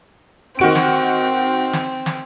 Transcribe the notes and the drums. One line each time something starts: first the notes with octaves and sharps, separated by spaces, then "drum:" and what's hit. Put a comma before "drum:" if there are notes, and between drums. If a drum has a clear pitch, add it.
D#3 C4 F#4 D7
drum: snare
drum: snare
drum: snare